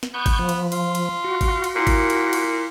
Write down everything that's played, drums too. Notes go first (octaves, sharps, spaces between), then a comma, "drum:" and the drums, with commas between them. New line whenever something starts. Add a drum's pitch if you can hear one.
drum: snare
B3 C#6 G6
drum: kick, cymbal
F3
drum: cymbal
F4, drum: cymbal
drum: cymbal
F#4
drum: kick, cymbal
drum: cymbal
A#2 E4 A#4
drum: kick, cymbal
drum: cymbal
drum: cymbal